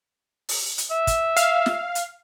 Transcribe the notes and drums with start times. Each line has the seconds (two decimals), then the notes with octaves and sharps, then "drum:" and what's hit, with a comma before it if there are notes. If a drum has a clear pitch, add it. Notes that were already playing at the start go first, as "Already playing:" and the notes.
0.49 drum: open hi-hat
0.78 drum: hi-hat
0.91 E5
1.07 drum: kick, hi-hat
1.37 F5, drum: hi-hat
1.66 drum: snare
1.95 drum: hi-hat